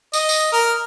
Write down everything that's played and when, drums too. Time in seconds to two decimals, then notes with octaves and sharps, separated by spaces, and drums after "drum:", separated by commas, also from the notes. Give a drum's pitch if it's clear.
0.13 D#5, drum: tambourine
0.29 drum: tambourine
0.52 A#4